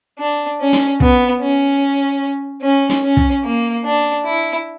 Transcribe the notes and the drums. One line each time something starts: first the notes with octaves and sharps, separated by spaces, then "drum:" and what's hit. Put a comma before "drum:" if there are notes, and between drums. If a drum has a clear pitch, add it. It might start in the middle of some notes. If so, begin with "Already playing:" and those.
D4
C#4
drum: snare
B3, drum: kick
C#4
C#4
drum: snare
C#4
drum: kick
A#3
D4
E4